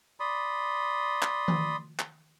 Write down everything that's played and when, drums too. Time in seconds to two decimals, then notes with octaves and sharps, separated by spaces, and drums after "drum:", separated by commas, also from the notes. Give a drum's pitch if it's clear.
0.20 D5 B5 C6 D#6
1.22 drum: clap
1.48 drum: tom D#3
1.99 drum: clap